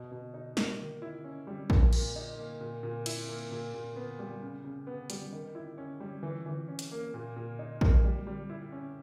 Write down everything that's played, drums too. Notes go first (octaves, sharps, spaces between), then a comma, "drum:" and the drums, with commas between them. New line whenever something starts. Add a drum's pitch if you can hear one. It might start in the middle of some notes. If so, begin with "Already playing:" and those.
Already playing: B2
B2
D#4
A#3, drum: snare
D#3
E4
C#4
G3
A#2, drum: kick A#1
A#2, drum: cymbal
D#4
A#3
A#2
A#2
E4, drum: cymbal
A#3
A#2
A#2
B3
G3
C#3
C#3
B3
G3, drum: hi-hat
D#3
E4
C#4
G3
E3
E3
C#4
drum: hi-hat
A#3
A#2
A#2
D#4
A#3, drum: kick A#1
G3
G3
E4
C#4